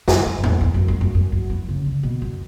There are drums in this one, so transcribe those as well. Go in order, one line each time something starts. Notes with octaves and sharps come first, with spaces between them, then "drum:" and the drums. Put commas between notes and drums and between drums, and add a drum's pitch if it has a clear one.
F#2, drum: snare
G2
F#2
E2, drum: tom G#2
E2
F#2
G2
F#2
F#2
F#2
E3
C#3
D3
B2
F#2